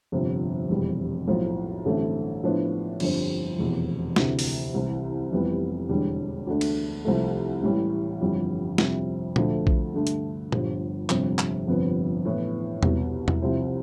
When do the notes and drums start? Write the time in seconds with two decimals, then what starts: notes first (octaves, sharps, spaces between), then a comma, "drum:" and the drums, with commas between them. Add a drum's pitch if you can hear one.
0.12 G1 F2 C3
0.69 F1 E2 B2 G3
1.27 B1 A2 F3
1.85 A1 G2 D3 A3 C4
2.43 A2 F3 B3 D4
3.00 G1 F2 D3 G3 C4, drum: cymbal
3.58 F1 E2 B2
4.16 D2 C3 E3, drum: snare
4.39 drum: open hi-hat
4.74 C2 C3 E3
5.31 F1 F2 E3 G3 B3
5.89 E1 E2 D3 G3
6.47 D2 D3 A3 D4
6.61 drum: cymbal
7.05 C2 C3 F3 A3
7.63 A1 A2 E3 G3
8.21 G1 F2 E3 G3
8.78 F2 C3 G3 C4 E4, drum: snare
9.36 D2 D3 F3 A3, drum: tom A#2
9.67 drum: kick A#1
9.94 G2 D3 A3
10.07 drum: hi-hat
10.52 G1 G2 F3, drum: tom A#2
11.10 G1 F2 C3 G3, drum: clap
11.39 drum: clap
11.67 G1 F2 C3 F3 B3
12.25 A2 E3 B3
12.83 C2 B2 B3, drum: tom E2
13.28 drum: tom E2
13.41 C2 C3 F3 C4 E4